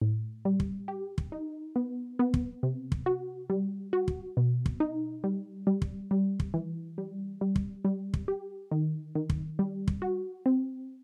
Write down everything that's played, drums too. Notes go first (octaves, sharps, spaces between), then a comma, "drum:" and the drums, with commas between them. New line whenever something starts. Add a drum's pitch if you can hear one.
A2
G3
drum: kick
G4
drum: kick
D#4
B3
B3
drum: kick
C3
drum: kick
F#4
G3
F#4
drum: kick
B2
drum: kick
D#4
G3
G3
drum: kick
G3
drum: kick
E3
G3
G3
drum: kick
G3
drum: kick
G4
D#3
D#3
drum: kick
G3
drum: kick
F#4
C4